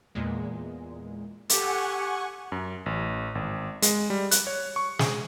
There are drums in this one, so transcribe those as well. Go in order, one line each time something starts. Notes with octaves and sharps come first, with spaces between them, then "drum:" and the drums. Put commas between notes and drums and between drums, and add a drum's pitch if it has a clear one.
E2 A#2 G#3
G4 A4 F#5 G#5 C#6, drum: hi-hat
F#2
A1
G#1
G#3, drum: hi-hat
G3
F#6, drum: hi-hat
C#5
C#6
G#4, drum: snare